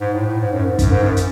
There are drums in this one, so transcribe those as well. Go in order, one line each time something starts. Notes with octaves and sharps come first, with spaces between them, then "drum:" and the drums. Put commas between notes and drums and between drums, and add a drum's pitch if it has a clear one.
G#2
A2
A2
G#2
F#2
G#2
F#2, drum: kick, hi-hat
G#2
F#2
drum: hi-hat